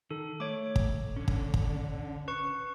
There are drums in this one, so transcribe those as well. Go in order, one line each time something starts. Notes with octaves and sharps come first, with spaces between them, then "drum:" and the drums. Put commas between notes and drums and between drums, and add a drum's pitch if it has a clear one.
D#3 A4
A3 C#5 D6
drum: kick
D3 C#4
drum: kick
drum: kick
B4 C#6